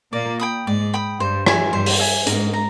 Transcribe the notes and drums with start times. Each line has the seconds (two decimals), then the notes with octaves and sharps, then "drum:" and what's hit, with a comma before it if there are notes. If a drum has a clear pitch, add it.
0.13 A#2 A#3 D5
0.40 G5 B5 D#6
0.67 G#2 G#3 D5
0.94 G5 B5 D#6
1.20 G2 G3 C5
1.46 E5 G#5, drum: rim click
1.73 G2 G3 C5
1.86 drum: open hi-hat
2.00 E5 G#5
2.27 G#2 G#3 A#4, drum: hi-hat
2.54 A#5